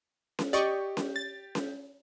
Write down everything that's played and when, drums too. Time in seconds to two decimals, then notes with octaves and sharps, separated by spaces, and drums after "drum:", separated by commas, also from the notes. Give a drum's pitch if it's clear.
0.39 drum: snare C#4
0.53 G4 D5 D#5 C#6
0.97 drum: snare C#4
1.16 A6
1.55 drum: snare C#4